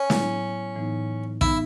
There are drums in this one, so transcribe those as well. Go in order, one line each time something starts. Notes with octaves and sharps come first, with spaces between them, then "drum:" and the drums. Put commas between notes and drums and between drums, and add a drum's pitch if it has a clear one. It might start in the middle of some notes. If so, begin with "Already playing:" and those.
Already playing: C#4
A2 F#3 B3 E4, drum: snare
A2 E3 B3 D#4
E3 B3 D#4 E4, drum: kick